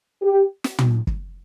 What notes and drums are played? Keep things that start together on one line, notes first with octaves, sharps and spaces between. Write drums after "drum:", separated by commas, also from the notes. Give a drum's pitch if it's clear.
G4
drum: snare
drum: tom
drum: kick